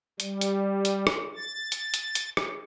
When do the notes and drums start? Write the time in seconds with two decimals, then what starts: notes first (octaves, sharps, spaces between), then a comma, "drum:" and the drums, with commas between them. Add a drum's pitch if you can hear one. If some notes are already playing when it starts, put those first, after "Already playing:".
0.20 G3, drum: hi-hat
0.41 drum: hi-hat
0.85 drum: hi-hat
1.07 drum: rim click
1.36 A6
1.72 drum: hi-hat
1.94 drum: hi-hat
2.15 drum: hi-hat
2.37 drum: rim click